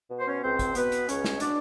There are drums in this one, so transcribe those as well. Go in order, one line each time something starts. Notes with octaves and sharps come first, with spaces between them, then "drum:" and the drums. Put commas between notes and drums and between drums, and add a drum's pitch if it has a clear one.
B2
C5
C#4 C#5
C#2 C4 C5
drum: kick, hi-hat
B2 B3 B4, drum: hi-hat
drum: hi-hat
C#2 C#4 C#5, drum: hi-hat
drum: snare
D#5
B2 D4 D5, drum: hi-hat